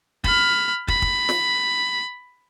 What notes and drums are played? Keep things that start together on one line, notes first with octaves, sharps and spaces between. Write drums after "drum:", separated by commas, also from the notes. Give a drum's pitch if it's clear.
B5 F6, drum: kick
B5, drum: kick
drum: kick
drum: snare